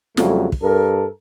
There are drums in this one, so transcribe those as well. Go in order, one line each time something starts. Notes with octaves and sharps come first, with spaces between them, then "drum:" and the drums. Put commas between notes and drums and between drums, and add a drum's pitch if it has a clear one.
F2 C#3 F#3 G3 A3, drum: snare
drum: kick
G2 A4 A#4